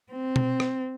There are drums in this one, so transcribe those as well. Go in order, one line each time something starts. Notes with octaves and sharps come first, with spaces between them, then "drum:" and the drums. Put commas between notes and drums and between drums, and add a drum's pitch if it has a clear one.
C4
drum: tom B2
drum: rim click